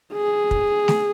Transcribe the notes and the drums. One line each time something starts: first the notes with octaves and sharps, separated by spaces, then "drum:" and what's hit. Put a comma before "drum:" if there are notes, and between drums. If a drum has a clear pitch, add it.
G#4
drum: kick
drum: snare A3